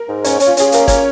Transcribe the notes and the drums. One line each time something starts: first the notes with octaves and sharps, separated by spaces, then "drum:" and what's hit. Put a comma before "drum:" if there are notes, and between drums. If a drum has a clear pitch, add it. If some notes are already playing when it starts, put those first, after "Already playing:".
Already playing: A#4
G#2
C#4 C#5, drum: hi-hat
C#4, drum: hi-hat
F4
C#4 G#4, drum: hi-hat
A#3 A#4, drum: hi-hat
C#4 C#5, drum: kick, hi-hat